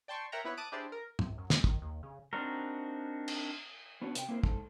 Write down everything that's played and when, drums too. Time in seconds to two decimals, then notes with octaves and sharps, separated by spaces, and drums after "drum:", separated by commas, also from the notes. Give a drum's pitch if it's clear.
0.08 D5 G5 A5 C6 C#6
0.32 A#4 C#5 E5 F#5 G5 A#5
0.44 B3 E4 B4 C#5
0.57 A5 D6 D#6 F#6 D7
0.72 D4 E4 G4 G#4 C5 D5
0.92 A#4
1.19 C2, drum: tom
1.38 F#2
1.50 G#3, drum: snare
1.64 D#3, drum: kick
1.82 D#2
2.03 C#3
2.33 C4 D4 D#4 F#4 A#4
3.28 drum: cymbal
4.02 B3 C#4 D4 F#4
4.15 C3 G5, drum: hi-hat
4.29 A#3 C4 E4 A#4 C5
4.43 G#2 A4, drum: kick